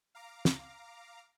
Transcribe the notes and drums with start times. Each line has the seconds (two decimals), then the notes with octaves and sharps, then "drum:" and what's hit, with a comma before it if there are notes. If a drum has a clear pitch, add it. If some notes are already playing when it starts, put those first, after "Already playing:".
0.15 F5 A#5 D6
0.45 drum: snare